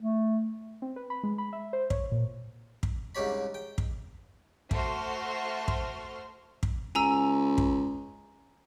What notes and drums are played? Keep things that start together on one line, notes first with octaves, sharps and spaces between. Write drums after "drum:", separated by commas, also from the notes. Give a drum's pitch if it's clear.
A3
C4
B4
B5
G#3
B5
E5
C5
C#5, drum: kick
A#2
drum: kick
C2 G#2 C#4 G4 C#5 B5
G5
drum: kick
A3 F#4 C5 C6 F6, drum: kick
drum: kick
drum: kick
C#2 G#5 A#5 E6
drum: kick